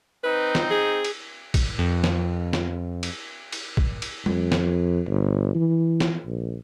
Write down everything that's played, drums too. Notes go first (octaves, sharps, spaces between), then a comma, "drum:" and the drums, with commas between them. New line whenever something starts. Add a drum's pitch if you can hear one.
C4 D#4 B4
drum: snare
G#4
drum: cymbal
drum: kick, cymbal
F2
drum: snare
drum: snare
drum: cymbal
drum: cymbal
drum: kick
drum: cymbal
F2, drum: tom G3
drum: snare
G1
E3
drum: snare
A#1